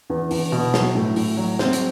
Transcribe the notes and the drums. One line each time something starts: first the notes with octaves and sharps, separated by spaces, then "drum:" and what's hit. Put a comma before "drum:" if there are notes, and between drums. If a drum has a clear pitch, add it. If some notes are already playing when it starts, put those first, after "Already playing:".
E2
E2, drum: open hi-hat
B2
F#3, drum: snare
A2
A2, drum: open hi-hat
F#3
C4, drum: snare
drum: hi-hat